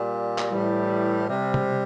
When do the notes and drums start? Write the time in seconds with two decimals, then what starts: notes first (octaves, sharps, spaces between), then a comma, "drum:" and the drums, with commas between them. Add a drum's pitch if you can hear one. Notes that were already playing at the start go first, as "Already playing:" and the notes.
Already playing: A#2 G3
0.38 drum: clap
0.51 A2 E3 G3
1.27 C3 G3
1.54 drum: tom C3